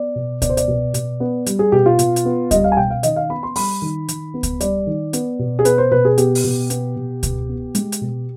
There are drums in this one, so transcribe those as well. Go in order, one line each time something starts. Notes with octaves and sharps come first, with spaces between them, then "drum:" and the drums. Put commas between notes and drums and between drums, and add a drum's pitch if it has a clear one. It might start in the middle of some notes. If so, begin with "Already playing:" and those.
Already playing: B3 D5
B2
B3 D5, drum: kick C#2, hi-hat
C5
D5, drum: hi-hat
B2
B2, drum: hi-hat
B3
G3, drum: hi-hat
G#4
B2 G4
F4
B2, drum: hi-hat
drum: hi-hat
B3
G3 D#5, drum: kick C#2, hi-hat
F5
G#5
B2 G5
F5
D#3 D#5, drum: hi-hat
F5
B3 B5
C6
G3 B5, drum: open hi-hat
D#3
D#3, drum: hi-hat
B3
drum: kick C#2, hi-hat
G3 D5, drum: hi-hat
D#3
B3, drum: hi-hat
B2
G#4
B3 B4, drum: hi-hat
C5
B2 B4
G#4
B3 G4, drum: hi-hat
drum: open hi-hat
B2
B3, drum: hi-hat
B2
B2, drum: kick C#2, hi-hat
B3
G#3, drum: hi-hat
drum: hi-hat
B2